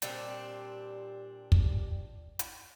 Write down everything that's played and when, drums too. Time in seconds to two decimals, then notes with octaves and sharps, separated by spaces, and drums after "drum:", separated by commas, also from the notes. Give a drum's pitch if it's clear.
0.02 A#2 G3 C4 D4, drum: hi-hat
1.52 drum: kick
2.39 drum: hi-hat